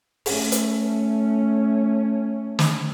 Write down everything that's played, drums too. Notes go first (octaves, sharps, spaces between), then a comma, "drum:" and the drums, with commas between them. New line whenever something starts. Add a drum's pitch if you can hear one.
A3 C#4, drum: open hi-hat
drum: hi-hat
drum: snare